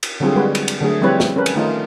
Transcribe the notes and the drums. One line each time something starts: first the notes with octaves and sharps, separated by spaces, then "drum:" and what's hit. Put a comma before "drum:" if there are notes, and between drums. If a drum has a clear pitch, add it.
drum: cymbal
D3 F#3 G3 C4 F4 G#4
G3 G#3 F#4 B4
drum: cymbal
drum: cymbal
D3 F#3 A3 G#4
F3 G3 C4 E4 B4 C#5
drum: snare
C#4 A#4 B4
drum: cymbal
D#3 A3 D#4 F4